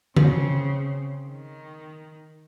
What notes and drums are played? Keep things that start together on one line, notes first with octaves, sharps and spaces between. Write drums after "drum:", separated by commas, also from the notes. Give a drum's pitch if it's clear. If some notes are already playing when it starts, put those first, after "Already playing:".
C#3 C4, drum: tom D3
D#3